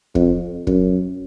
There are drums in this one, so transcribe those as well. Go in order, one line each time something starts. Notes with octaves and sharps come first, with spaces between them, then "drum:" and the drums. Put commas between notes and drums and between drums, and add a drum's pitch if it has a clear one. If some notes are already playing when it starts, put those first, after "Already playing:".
F2, drum: kick
F#2, drum: kick